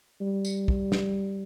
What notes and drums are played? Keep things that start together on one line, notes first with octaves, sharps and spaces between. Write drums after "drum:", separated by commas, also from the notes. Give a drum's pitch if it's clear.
G3
drum: tambourine
drum: kick
drum: snare